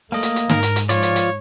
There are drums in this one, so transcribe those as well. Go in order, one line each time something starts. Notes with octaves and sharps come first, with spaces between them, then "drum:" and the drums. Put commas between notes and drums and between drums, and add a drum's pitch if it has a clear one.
A3 A#3 D#5, drum: open hi-hat
drum: hi-hat
drum: hi-hat
G#2 A#4, drum: snare
drum: hi-hat
drum: hi-hat
F3 F4 C#5 D5, drum: hi-hat
drum: hi-hat
drum: hi-hat